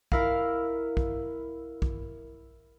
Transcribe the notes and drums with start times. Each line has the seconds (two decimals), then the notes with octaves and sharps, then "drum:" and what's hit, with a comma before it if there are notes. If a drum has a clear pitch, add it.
0.12 E4 A#4 F5, drum: kick
0.97 drum: kick
1.82 drum: kick